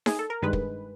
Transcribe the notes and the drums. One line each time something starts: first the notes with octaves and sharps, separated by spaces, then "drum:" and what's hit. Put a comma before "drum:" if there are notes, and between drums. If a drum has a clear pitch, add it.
G#4, drum: snare D#4
A4
A#4
G2 D#3 G#3 B4
drum: kick